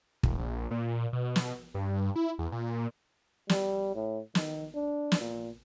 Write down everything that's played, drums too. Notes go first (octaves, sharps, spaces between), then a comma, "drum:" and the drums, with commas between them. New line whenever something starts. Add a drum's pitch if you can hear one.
E1, drum: kick
A#1
A#2
B2
drum: snare
G2
E4
E2
A#2
G3, drum: snare
A2
D#3, drum: snare
D4
drum: snare
A#2